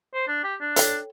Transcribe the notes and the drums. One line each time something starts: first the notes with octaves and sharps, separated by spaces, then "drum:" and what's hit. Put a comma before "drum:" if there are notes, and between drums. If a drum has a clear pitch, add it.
C5
D4
G4
D4
A4 C#5 G5, drum: hi-hat